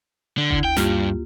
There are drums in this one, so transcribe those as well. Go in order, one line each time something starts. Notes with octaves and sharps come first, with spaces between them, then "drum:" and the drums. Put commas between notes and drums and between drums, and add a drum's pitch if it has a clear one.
D3
D2 E4 G#6, drum: kick F#1
G5
G2 A#3 F4 G4, drum: snare